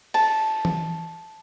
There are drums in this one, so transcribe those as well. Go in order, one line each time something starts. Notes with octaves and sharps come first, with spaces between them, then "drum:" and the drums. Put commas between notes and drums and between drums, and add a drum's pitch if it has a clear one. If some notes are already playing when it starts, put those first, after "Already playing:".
A5, drum: cymbal
drum: tom E3